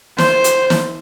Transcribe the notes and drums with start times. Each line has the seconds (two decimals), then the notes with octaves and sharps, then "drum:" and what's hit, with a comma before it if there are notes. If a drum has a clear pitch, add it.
0.18 C5, drum: snare
0.44 drum: hi-hat
0.70 drum: snare